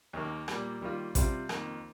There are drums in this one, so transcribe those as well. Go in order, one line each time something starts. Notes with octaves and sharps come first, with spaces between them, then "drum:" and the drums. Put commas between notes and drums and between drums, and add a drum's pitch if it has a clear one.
D#2 D#3 A#3
A#2 G3 A#3, drum: rim click
D#3 G3 A#3 F4
C3 G3 C4 F4 C5, drum: kick, hi-hat
F2 D#3 A#3, drum: rim click